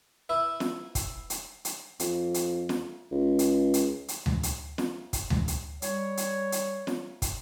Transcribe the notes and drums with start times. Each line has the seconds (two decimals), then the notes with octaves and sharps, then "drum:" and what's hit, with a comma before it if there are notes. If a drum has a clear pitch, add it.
0.29 E4 B4 E5
0.60 drum: snare
0.95 drum: kick, hi-hat
1.30 drum: hi-hat
1.65 drum: hi-hat
2.00 F2, drum: hi-hat
2.34 drum: hi-hat
2.69 drum: snare
3.11 C#2
3.39 drum: hi-hat
3.74 drum: hi-hat
4.08 drum: hi-hat
4.26 drum: tom D2
4.43 drum: hi-hat
4.78 drum: snare
5.13 drum: kick, hi-hat
5.30 drum: tom D2
5.48 drum: hi-hat
5.82 G3 C#5, drum: hi-hat
6.17 drum: hi-hat
6.52 drum: hi-hat
6.87 drum: snare
7.22 drum: kick, hi-hat